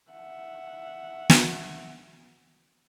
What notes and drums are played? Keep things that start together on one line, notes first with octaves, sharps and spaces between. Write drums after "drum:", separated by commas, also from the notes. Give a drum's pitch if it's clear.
E5 F#5
drum: snare